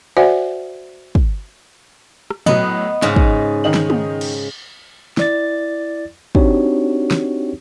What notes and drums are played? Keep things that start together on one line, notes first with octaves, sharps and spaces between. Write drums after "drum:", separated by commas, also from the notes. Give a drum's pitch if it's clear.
F#4 C5 D5 E5 F#5 G#5
drum: kick
drum: rim click
A2 F#3 B3 D#5, drum: tom
G#2 C#3 D#4, drum: snare
drum: kick
D#3 D#4 F#7
drum: snare
drum: tom
drum: cymbal
E4 D5 A6, drum: snare
C4 D4 D#4 F#4 G4 C#5, drum: kick
drum: snare